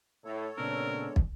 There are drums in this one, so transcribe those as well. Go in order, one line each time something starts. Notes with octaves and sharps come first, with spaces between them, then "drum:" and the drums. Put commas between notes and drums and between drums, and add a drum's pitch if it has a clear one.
A2 A4 C#5
A#2 C#3 G#3 B3 C4 D4 A#4
drum: kick